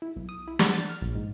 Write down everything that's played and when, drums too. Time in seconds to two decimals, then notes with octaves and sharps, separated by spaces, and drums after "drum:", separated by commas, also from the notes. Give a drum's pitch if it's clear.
0.02 E4
0.16 B1
0.29 D#6
0.48 E4
0.59 G3, drum: snare
0.74 A6
0.89 F6
1.02 A#1
1.15 G#2